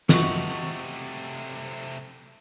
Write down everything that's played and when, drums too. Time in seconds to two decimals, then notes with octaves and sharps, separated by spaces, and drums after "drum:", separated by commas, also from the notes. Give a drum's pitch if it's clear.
0.09 C3 A3 D#4 F#4, drum: snare